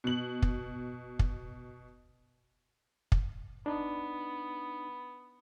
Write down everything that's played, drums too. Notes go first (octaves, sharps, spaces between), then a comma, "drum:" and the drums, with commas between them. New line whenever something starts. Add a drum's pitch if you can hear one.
B2 F#7
drum: kick
drum: kick
drum: kick
B3 D4 D#4